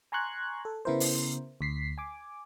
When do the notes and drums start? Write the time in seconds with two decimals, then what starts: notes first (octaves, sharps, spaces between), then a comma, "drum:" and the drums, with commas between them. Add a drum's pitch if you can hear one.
0.12 G#5 A#5 C6 C#6 F#6 G#6
0.65 A4
0.85 C#3 B3 E4 A#4 C5
1.00 drum: open hi-hat
1.61 D2 B6 C7
1.98 G#5 D6